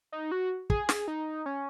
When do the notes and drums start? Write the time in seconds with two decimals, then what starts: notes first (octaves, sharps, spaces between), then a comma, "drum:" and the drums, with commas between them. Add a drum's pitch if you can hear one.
0.12 D#4
0.32 F#4
0.70 G#4, drum: kick
0.89 drum: snare
1.08 D#4
1.46 C#4